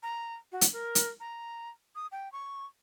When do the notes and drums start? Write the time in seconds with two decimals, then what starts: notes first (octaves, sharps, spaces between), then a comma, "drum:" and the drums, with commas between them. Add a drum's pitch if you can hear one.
0.03 A#5
0.52 F#4
0.61 drum: hi-hat
0.73 A#4
0.95 drum: hi-hat
1.20 A#5
1.96 D#6
2.12 G5
2.32 C#6